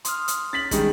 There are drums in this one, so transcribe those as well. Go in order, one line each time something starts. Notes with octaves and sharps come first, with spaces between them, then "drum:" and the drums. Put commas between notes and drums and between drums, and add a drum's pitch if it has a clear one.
C6 D#6 F6, drum: hi-hat
drum: hi-hat
C#4 A6 B6 F#7
D#3 G3 G#3, drum: kick, hi-hat